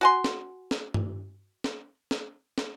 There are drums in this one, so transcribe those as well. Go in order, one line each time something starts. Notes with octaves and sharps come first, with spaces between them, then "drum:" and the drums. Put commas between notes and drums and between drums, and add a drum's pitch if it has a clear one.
F#4 G#5 C6
drum: snare
drum: snare
drum: tom G2
drum: snare
drum: snare
drum: snare